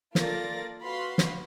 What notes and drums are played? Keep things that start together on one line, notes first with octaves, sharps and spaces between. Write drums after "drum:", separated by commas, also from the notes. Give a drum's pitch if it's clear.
A#3 F4 A4 D5 A6 A#6, drum: snare
F#4 B4 F5 B5 C6
drum: snare